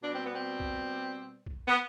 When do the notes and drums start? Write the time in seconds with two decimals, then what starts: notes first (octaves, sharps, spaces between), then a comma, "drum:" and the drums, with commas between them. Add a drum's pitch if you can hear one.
0.02 B2 G3 D4
0.14 C4
0.24 B3
0.34 C4
0.60 drum: kick B1
1.46 drum: kick B1
1.68 B3